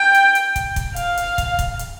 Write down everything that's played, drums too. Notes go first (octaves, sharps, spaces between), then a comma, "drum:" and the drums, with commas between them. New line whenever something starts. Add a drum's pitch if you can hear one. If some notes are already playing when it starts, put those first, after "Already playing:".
Already playing: G5
drum: hi-hat
drum: hi-hat
drum: kick, hi-hat
drum: kick, hi-hat
F5, drum: hi-hat
drum: hi-hat
drum: kick, hi-hat
drum: kick, hi-hat
drum: hi-hat